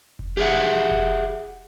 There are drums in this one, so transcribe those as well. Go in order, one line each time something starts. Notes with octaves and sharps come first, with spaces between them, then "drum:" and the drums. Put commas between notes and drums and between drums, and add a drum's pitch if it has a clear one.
drum: kick F1
G4 G#4 C5 E5 F#5
drum: kick F1